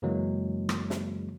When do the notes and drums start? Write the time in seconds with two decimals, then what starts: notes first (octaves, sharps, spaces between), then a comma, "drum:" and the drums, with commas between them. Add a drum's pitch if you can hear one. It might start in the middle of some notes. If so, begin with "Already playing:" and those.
0.02 F#2 C#3 E3 F#3 G#3 A#3
0.69 drum: rim click
0.90 drum: snare